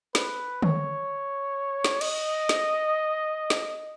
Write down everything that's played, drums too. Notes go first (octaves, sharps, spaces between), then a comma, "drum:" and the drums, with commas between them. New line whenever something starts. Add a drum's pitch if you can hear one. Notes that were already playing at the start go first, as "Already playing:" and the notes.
B4, drum: snare
C#5, drum: tom D3
drum: snare
D#5, drum: cymbal
drum: snare
drum: snare